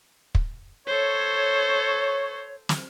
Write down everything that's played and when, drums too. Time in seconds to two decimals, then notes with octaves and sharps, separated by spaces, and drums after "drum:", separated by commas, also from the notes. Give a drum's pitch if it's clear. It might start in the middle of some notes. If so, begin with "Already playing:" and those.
0.35 drum: kick
0.87 A4 C5 C#5
2.69 drum: snare